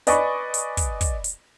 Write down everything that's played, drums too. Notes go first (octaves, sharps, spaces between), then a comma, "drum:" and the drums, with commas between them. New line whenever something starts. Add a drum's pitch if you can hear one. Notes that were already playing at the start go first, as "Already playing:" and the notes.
B4 D5 D#5 G#5 B5 C#6, drum: hi-hat
drum: hi-hat
drum: kick, hi-hat
drum: kick, hi-hat
drum: hi-hat